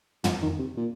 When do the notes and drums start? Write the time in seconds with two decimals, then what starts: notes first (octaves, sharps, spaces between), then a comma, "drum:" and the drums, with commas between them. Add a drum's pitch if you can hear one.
0.24 F3, drum: tom
0.42 D#3
0.59 C3
0.77 A#2